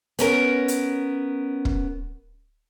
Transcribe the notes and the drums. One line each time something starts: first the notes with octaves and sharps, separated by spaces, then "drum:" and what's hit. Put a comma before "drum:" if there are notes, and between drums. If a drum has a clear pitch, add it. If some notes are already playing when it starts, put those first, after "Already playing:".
B3 C#4 A#4, drum: hi-hat
drum: hi-hat
drum: kick